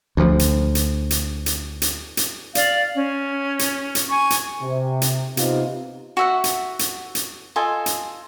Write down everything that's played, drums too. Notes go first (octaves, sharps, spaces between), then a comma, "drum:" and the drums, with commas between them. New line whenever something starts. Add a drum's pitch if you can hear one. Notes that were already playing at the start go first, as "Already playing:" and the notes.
D2 F3
drum: hi-hat
drum: hi-hat
drum: hi-hat
drum: hi-hat
drum: hi-hat
drum: hi-hat
D5 F5, drum: hi-hat
C#4
drum: hi-hat
drum: hi-hat
G#5 C#6
drum: hi-hat
C3
drum: hi-hat
C3 B3 C4 D#4 F4, drum: hi-hat
F#4 E5 F#5
drum: hi-hat
drum: hi-hat
drum: hi-hat
F4 A4 D#5 G#5
drum: hi-hat